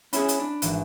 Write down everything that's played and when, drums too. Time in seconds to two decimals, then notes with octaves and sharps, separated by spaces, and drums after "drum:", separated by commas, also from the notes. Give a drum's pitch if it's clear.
0.13 C#4 E4 G#4 B5, drum: hi-hat
0.28 drum: hi-hat
0.40 D4
0.62 G#1 E3, drum: hi-hat